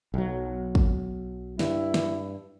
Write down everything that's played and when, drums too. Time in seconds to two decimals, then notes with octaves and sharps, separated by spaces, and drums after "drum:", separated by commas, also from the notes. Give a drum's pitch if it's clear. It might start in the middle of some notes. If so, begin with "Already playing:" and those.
0.14 B1 F#3
0.75 drum: kick
1.59 G2 E4, drum: snare
1.94 drum: snare